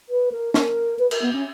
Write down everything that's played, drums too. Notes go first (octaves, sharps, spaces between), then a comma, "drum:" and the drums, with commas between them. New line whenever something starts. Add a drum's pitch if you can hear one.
B4
A#4
A#4, drum: snare
B4
A#4, drum: cymbal
B3
C#4